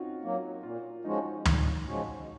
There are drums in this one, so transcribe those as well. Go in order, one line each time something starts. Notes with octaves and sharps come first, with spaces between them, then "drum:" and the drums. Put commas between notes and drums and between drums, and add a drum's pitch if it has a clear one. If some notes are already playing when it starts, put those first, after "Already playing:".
Already playing: C4 C#4 D#4 F4 F#4
F#3 A#3
A#2 F4
F3 G#3 C#4 D#4 F#4
A#2 D#4, drum: tom
F3 G#3 C#4 F#4